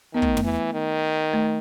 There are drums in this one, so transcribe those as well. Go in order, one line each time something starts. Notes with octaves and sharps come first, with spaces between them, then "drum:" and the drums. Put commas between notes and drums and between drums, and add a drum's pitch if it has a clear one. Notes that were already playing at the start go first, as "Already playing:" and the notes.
D#3 B3
A3, drum: kick
A3, drum: tom
E3
D#3
A3